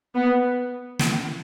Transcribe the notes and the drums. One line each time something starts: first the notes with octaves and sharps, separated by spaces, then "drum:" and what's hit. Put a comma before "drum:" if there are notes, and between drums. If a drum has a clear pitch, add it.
B3
drum: snare